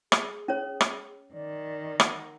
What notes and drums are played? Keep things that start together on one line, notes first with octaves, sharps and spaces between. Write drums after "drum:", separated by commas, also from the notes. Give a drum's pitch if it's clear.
G#4, drum: rim click
C#4 C#5
drum: rim click
D#3 D5
F#5, drum: rim click